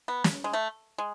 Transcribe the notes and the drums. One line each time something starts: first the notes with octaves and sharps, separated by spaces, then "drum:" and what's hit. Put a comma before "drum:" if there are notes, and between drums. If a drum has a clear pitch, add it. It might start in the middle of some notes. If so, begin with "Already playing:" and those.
B3
drum: snare
G#3
A3
G#3